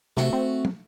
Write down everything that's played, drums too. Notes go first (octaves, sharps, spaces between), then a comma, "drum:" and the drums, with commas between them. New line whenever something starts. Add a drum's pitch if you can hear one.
C3 A3 F#4, drum: snare
C4
drum: tom